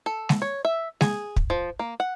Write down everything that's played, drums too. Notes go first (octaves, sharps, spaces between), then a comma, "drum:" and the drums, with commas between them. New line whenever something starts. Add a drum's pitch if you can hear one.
A4
drum: snare G#3
C#5
E5
G#4, drum: snare G#3
drum: kick
F3
A#3
F#5